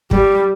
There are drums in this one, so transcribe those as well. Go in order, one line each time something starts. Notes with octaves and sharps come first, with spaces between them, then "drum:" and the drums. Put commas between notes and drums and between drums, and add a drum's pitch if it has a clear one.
G3, drum: kick